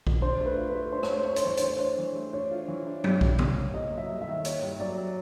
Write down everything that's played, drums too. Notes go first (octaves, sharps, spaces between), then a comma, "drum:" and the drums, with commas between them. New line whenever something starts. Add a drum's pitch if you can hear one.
drum: kick B1
D4 C5
A3
B4
F4
B4
A3
D4 C5
C#5, drum: rim click
A3 C5
D4 C#5
C5, drum: hi-hat
E3 C#5
C5, drum: hi-hat
A3 C#5
D4 C5
E3
A3
D4 C#5
F4
E3
D4
G2, drum: tom F#3
G2, drum: kick B1
G2, drum: tom C3
A#3
A#3 D#5
F#3
E5
G2
E5
D#3
A#3 C#5, drum: hi-hat
G2
F#3 D5
F#3